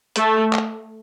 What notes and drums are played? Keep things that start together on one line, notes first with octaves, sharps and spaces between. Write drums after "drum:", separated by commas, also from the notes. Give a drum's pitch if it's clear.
A3, drum: hi-hat
drum: clap